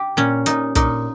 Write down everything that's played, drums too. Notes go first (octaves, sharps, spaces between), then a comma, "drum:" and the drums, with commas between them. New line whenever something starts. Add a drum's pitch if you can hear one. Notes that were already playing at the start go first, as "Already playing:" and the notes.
Already playing: G4
A#2 C#4
A#2 D#4, drum: hi-hat
A#2 D#4, drum: kick, hi-hat